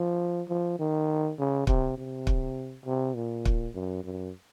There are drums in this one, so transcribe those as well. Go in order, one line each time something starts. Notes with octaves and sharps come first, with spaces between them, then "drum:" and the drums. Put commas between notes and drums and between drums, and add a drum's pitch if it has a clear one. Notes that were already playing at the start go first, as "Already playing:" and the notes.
Already playing: F3
F3
D#3
C#3
C3, drum: kick
C3
drum: kick
C3
A#2
drum: kick
F#2
F#2